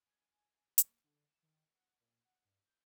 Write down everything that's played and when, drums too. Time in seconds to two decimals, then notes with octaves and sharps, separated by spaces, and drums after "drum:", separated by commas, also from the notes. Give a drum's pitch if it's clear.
0.06 G#5
0.78 A#3, drum: hi-hat
1.03 D3
1.30 E7
1.43 D#3
1.74 F#5
2.00 A#2
2.24 F#5
2.45 G2
2.64 G6